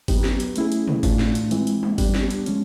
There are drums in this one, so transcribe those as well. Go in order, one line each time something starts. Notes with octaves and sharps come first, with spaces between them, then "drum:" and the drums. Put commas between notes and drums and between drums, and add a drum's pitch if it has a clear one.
F#3 B3 D#4 G4 B4, drum: kick, open hi-hat
drum: snare
drum: hi-hat
A3 C#4 E4 G#4, drum: hi-hat
drum: hi-hat
drum: tom
A2 E3 A3 D4 F4, drum: kick, open hi-hat
drum: snare
drum: hi-hat
E3 G#3 C4, drum: hi-hat
drum: hi-hat
drum: tom
G3 B3 D4 G4, drum: kick, open hi-hat
drum: snare
drum: hi-hat
F3 G#3 C#4, drum: hi-hat